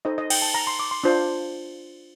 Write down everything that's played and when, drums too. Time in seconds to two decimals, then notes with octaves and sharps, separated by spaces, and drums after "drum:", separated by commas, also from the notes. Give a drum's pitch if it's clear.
0.05 D#4 A4 C5 D#5
0.18 D#5
0.30 G5, drum: cymbal
0.42 A5
0.54 A#5
0.67 C6
0.79 D6
0.91 C6
1.04 D4 F4 C5